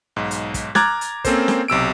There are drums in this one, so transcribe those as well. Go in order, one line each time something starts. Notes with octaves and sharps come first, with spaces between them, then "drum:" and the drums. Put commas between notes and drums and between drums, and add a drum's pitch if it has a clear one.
B1 G#2
drum: hi-hat
drum: kick, hi-hat
A#5 D6 F6 F#6 G#6 A6, drum: snare
drum: hi-hat
A#3 C4 C#4 A4 A#4 C5, drum: kick, hi-hat
drum: snare
B1 C3 E6 D7